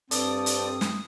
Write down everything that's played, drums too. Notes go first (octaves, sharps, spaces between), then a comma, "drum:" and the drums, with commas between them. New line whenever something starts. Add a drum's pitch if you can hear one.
G2 C4 A4 D5 D#6, drum: hi-hat
drum: hi-hat
drum: snare